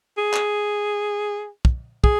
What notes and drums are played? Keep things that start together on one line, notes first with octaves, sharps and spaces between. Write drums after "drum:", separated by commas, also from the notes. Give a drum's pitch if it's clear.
G#4
drum: clap
drum: kick
G#4, drum: kick